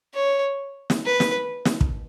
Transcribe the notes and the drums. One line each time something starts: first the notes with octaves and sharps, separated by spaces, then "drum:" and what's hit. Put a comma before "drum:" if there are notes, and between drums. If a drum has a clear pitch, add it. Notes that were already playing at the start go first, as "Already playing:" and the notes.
C#5
drum: snare
B4
drum: snare
drum: snare
drum: kick